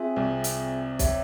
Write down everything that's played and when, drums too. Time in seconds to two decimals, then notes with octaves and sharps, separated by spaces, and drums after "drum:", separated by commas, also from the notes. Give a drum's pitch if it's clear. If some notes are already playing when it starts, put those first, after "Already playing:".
Already playing: C4 F4 G#4 E5 G#5
0.16 C2 C3
0.44 drum: hi-hat
0.99 G4 C#5 E5, drum: kick B1, hi-hat